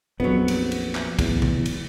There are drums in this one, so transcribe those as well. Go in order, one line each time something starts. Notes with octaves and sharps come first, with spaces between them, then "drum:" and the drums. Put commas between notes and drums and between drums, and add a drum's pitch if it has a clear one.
A#1 F2 F#3 B3
drum: cymbal
drum: cymbal
drum: clap
D1 E2, drum: kick, cymbal
drum: tom C3
drum: cymbal